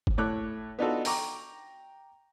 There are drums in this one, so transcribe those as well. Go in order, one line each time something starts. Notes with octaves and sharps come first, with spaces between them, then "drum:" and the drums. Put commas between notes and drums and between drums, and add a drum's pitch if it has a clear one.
drum: kick G1
A2 A3 C#5 D6 F#6
B3 D4 D#4 F4 F#4 A4
G5 A#5 C#6 D6, drum: open hi-hat